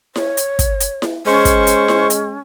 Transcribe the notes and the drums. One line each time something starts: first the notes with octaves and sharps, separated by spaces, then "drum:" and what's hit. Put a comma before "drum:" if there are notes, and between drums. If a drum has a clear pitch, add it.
C#5, drum: snare E4
drum: hi-hat
drum: kick, hi-hat
drum: hi-hat
drum: snare E4
G#3 C#4 C5 C#6
drum: kick, hi-hat
drum: hi-hat
drum: snare E4
drum: hi-hat